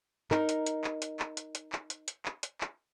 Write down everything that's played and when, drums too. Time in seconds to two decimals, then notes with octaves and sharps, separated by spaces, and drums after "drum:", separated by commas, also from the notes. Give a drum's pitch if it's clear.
0.31 D#4 A#4, drum: clap
0.49 drum: hi-hat
0.66 drum: hi-hat
0.84 drum: clap
1.02 drum: hi-hat
1.19 drum: clap
1.37 drum: hi-hat
1.55 drum: hi-hat
1.72 drum: clap
1.90 drum: hi-hat
2.08 drum: hi-hat
2.25 drum: clap
2.43 drum: hi-hat
2.61 drum: clap